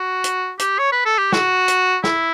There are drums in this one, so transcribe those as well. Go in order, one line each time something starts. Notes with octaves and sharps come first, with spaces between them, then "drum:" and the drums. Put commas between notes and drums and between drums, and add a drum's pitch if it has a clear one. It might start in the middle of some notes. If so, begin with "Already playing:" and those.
Already playing: F#4
drum: hi-hat
G4, drum: hi-hat
C#5
B4
A4
G4
F#4, drum: snare
drum: hi-hat
E4, drum: snare